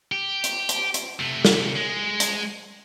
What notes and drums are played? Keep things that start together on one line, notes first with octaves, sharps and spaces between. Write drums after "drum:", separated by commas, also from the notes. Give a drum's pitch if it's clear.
G4
drum: hi-hat
drum: hi-hat
drum: hi-hat
C3 A3
drum: snare
G#3
drum: hi-hat